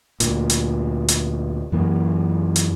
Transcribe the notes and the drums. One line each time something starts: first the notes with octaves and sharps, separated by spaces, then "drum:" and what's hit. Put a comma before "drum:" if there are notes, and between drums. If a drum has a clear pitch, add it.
D2 A#2, drum: hi-hat
drum: hi-hat
drum: hi-hat
F#2 E3 A#3
drum: hi-hat